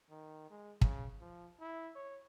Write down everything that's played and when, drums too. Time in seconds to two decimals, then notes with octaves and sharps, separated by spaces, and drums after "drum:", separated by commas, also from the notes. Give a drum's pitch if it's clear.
0.10 D#3
0.50 G#3
0.81 C#3, drum: kick
1.21 F3
1.60 E4
1.96 C#5